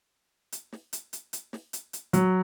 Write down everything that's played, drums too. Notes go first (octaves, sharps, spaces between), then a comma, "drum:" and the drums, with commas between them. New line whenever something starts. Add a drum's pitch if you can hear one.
drum: hi-hat
drum: snare
drum: hi-hat
drum: hi-hat
drum: hi-hat
drum: snare
drum: hi-hat
drum: hi-hat
F#3, drum: hi-hat